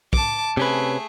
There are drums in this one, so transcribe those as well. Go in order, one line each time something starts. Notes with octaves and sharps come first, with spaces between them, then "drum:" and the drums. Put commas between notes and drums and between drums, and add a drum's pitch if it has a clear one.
A5 D6, drum: kick
C3 A3 C#4 G#4 B4